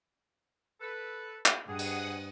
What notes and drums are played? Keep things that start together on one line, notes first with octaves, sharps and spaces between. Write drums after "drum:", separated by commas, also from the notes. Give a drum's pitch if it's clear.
A4 B4
drum: clap
G2 G#4 F#5 D#6
drum: cymbal